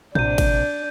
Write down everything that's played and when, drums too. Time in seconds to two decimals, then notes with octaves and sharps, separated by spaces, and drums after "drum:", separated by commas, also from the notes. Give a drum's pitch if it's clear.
0.15 A#1 C3 D4 G6 D#7, drum: tom A2
0.38 drum: kick G#1, cymbal